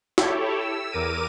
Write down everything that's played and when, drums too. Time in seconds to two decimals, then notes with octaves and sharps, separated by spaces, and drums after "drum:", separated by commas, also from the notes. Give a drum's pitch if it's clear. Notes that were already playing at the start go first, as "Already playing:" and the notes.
0.18 E4 G4 A4 C#5, drum: snare
0.59 E6
0.92 E2 A#4 D6 D#7